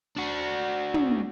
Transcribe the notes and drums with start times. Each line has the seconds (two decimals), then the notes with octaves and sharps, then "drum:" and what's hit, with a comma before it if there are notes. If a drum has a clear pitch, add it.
0.16 D4 F#4
0.94 drum: tom